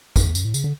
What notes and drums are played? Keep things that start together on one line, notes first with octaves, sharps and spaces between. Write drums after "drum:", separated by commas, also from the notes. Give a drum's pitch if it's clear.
F#2, drum: kick, tambourine
E2
F#2, drum: tambourine
A2
C#3, drum: tambourine
D3